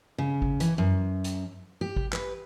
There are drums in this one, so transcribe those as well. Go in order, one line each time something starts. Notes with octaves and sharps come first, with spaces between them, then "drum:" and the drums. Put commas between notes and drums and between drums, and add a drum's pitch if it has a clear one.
C#3
drum: kick G#1
E3, drum: hi-hat
F#2
drum: hi-hat
G4
drum: kick G#1
B4, drum: clap